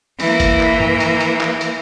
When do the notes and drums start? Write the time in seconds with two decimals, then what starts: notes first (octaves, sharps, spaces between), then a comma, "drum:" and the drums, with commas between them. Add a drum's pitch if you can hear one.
0.20 E3 A#3, drum: open hi-hat
0.40 drum: kick G#1, hi-hat
0.60 drum: clap
0.80 drum: tom G2
1.00 drum: hi-hat
1.21 drum: hi-hat
1.41 drum: clap
1.61 drum: hi-hat